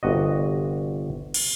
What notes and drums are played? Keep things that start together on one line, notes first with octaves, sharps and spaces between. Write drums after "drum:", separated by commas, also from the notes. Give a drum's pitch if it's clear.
G1 C3 F#4 D#5
drum: cymbal